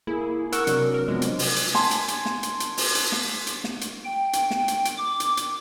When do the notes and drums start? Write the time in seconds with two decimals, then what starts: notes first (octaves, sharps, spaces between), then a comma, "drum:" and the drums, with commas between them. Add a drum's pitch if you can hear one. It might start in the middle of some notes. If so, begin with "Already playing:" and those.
0.07 A#3 E4 G#4
0.52 A#4 F#5 C#6 E6, drum: hi-hat
0.67 C3 F#3 D4, drum: hi-hat
0.94 A#4
1.08 F3 G#3 B3
1.22 drum: hi-hat
1.39 drum: open hi-hat
1.56 drum: hi-hat
1.74 G#5 A5 C6, drum: snare
1.91 drum: hi-hat
2.08 drum: hi-hat
2.26 drum: snare
2.43 drum: hi-hat
2.60 drum: hi-hat
2.77 drum: open hi-hat
2.95 drum: hi-hat
3.12 drum: snare
3.47 drum: hi-hat
3.64 drum: snare
3.81 drum: hi-hat
4.05 G5
4.33 drum: hi-hat
4.51 drum: snare
4.68 drum: hi-hat
4.85 drum: hi-hat
4.98 D6
5.20 drum: hi-hat
5.37 drum: hi-hat